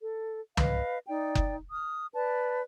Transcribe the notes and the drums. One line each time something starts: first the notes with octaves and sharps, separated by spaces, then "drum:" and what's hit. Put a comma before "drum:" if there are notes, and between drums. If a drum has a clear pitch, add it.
A4
B4 D#5 F5, drum: tom
D#4 D5 G5
drum: kick F#1
D#6 F6
B4 D5 A5